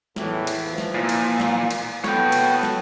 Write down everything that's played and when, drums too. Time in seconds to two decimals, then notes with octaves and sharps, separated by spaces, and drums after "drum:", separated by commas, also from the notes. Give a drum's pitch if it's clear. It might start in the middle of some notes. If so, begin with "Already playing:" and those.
0.16 E2 A2 E3, drum: snare
0.47 drum: cymbal
0.64 E3 F3
0.78 drum: snare
0.95 A#2
1.09 drum: cymbal
1.40 drum: snare
1.71 drum: cymbal
2.04 B3 F#4 A4 C#5 G5, drum: snare
2.32 drum: cymbal
2.63 drum: snare